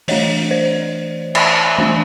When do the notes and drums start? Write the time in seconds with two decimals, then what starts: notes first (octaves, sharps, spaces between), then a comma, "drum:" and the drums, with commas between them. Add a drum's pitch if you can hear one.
0.08 E3 A3 D4 C#5 D#5, drum: open hi-hat
0.51 C5 D5
1.35 D5 E5, drum: cymbal
1.78 E3 A3 D4